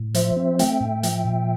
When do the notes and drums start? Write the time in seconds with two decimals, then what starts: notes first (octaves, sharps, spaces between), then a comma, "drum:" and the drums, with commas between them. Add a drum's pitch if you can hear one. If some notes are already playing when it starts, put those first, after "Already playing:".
Already playing: A2
0.14 F3 C5 E5, drum: hi-hat
0.36 C4
0.59 A3 E5 G5, drum: hi-hat
0.81 A2
1.03 F3, drum: hi-hat
1.25 A#2